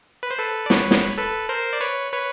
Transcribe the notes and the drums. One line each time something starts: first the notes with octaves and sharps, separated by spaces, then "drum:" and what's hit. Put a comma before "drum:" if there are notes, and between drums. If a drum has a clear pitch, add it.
B4
C5
A4 B4
D5
B4 C#5, drum: snare
drum: snare
A4 B4
A#4 C5
D5
B4 C#5
B4 C#5